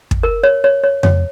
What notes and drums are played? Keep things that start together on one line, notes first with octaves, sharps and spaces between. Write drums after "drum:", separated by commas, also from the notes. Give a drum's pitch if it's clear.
drum: kick
A#4
C#5
C#5
C#5
C#5, drum: tom F2